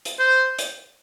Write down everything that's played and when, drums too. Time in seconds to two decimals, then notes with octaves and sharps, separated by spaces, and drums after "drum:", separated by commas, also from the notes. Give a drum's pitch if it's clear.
0.05 drum: hi-hat
0.19 C5
0.59 drum: hi-hat